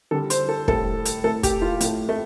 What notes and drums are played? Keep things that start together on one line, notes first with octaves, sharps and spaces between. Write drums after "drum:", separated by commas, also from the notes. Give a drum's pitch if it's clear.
D3 G3 A4
C5, drum: hi-hat
A4
A2 G3 A4, drum: kick
drum: hi-hat
A2 A3 A4
G4, drum: kick, hi-hat
F4
A2 A3, drum: hi-hat
A3